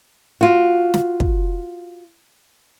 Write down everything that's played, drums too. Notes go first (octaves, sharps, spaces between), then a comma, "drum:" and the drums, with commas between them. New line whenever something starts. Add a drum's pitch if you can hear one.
F4 F#4
drum: snare
drum: kick